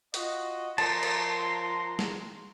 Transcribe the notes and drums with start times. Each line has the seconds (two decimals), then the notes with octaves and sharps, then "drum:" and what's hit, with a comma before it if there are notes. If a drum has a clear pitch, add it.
0.14 F4 F#4 D#5, drum: hi-hat
0.78 F3 A#4 A5 A#5 C6, drum: cymbal
1.03 drum: cymbal
1.99 drum: snare